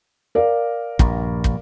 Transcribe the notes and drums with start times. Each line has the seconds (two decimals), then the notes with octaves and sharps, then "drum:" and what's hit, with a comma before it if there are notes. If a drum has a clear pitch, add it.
0.35 A#4 D5 F5
0.99 A#1 G2, drum: kick
1.44 drum: kick